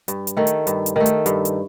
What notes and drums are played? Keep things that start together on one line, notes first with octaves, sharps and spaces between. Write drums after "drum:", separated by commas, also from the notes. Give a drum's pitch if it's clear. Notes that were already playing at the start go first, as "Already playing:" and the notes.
G2, drum: hi-hat
drum: hi-hat
D#3 A3
drum: hi-hat
G2, drum: hi-hat
drum: hi-hat
D#3 A3
drum: hi-hat
G2, drum: hi-hat
drum: hi-hat